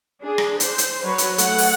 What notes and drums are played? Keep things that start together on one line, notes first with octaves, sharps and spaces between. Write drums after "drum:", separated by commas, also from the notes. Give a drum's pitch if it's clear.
D4 G#4
drum: rim click
C5, drum: hi-hat
drum: hi-hat
F#3 B4 C#5
drum: hi-hat
A3 F#5, drum: hi-hat
drum: open hi-hat